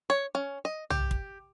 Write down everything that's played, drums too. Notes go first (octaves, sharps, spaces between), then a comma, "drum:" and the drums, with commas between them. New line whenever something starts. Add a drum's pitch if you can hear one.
C#5
C#4
D#5
G4, drum: tom
drum: kick